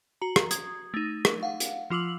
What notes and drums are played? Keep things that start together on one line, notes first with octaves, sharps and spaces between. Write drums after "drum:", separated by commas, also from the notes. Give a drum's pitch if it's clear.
F#4 A#5
drum: rim click
D#6 G#6, drum: hi-hat
A3 D#4
drum: rim click
F5 F#5
drum: hi-hat
F3 F4 D6 E6 F#7